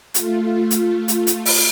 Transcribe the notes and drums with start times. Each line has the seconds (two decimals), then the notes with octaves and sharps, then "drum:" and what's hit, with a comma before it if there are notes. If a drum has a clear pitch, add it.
0.14 A3 F4, drum: hi-hat
0.71 drum: hi-hat
1.08 drum: hi-hat
1.27 drum: hi-hat
1.46 drum: open hi-hat